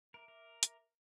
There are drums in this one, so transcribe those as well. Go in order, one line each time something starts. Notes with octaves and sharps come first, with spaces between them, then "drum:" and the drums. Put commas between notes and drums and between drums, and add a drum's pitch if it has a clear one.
A#4 E5 A#5 D6
A#4
drum: hi-hat